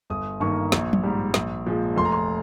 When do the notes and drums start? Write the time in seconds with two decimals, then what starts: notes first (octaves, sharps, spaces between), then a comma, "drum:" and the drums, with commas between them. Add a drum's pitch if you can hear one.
0.10 G1 D#6
0.40 G2 D#3 A#3 C#6
0.72 A#1, drum: snare
0.93 drum: tom
1.03 G#2 G3
1.34 A#1, drum: snare
1.66 A#2 F3 G#3
1.96 F1 C6
2.05 A#5
2.12 C6